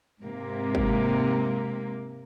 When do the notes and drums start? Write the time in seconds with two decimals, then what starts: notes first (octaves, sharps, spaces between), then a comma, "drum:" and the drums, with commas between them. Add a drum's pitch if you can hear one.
0.21 G#2 C3 A#3
0.75 drum: kick